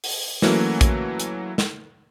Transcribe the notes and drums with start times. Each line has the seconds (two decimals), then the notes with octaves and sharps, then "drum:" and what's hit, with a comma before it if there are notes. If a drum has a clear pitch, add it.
0.04 drum: open hi-hat
0.42 E3 F#3 A3 A#3 C#4, drum: snare
0.81 drum: kick A#1, hi-hat
1.20 drum: hi-hat
1.58 drum: snare